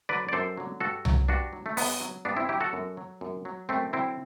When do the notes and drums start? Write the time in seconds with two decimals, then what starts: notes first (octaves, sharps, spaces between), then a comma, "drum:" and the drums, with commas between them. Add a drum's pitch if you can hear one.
0.09 D3 F#3 B4 D5
0.29 D5
0.33 F#2 A4 C5
0.57 D3 F#3
0.80 G2 F#4 A4
1.05 F#3, drum: tom C2
1.28 G2 D4 F#4
1.53 F#3
1.66 A3
1.77 G2 B3, drum: open hi-hat
2.01 F#3
2.25 G2 B3 D4
2.37 C4 E4
2.49 F#3 E4 G4
2.60 F#4 A4
2.73 F#2
2.97 F#3
3.21 F#2
3.45 F#3
3.69 F#2 A3 C4
3.93 D3 F#3 C4 E4